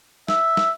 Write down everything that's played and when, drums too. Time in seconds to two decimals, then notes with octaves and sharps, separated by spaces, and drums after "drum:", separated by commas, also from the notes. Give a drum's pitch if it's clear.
0.28 E5, drum: snare
0.57 drum: snare